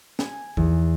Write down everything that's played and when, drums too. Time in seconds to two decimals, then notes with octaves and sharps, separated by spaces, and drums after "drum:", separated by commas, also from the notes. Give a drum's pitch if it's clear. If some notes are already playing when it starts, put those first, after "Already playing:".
0.19 G#5, drum: snare
0.57 E2, drum: kick